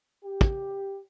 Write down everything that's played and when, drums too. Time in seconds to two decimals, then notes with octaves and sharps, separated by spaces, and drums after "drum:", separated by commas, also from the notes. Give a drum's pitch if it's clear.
0.24 G4
0.41 drum: kick